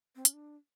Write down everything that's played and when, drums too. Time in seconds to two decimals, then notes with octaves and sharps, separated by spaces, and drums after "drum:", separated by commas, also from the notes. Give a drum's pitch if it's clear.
0.16 C4
0.25 C#4, drum: hi-hat
0.33 D4